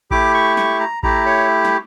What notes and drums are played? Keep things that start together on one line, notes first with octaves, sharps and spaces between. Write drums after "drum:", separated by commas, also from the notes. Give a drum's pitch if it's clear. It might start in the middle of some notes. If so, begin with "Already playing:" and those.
A3 E4 G4 D6, drum: kick A1
C#6
C#6, drum: snare
A#5
A3 E4 G4 A#5, drum: kick A1
C#5
drum: snare